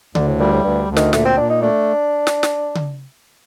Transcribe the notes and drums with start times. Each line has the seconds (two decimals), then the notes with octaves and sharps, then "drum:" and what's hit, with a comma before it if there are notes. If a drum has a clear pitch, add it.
0.15 D2 D3, drum: tom C#3
0.28 A2
0.40 A#2 G3
0.52 A2
0.64 D2 G2
0.89 D2
0.97 D#3, drum: snare
1.13 A#2 A3, drum: snare
1.26 C4
1.37 A#2 D4
1.50 D#4
1.61 A3 D4
2.27 drum: snare
2.43 drum: snare
2.75 drum: tom C#3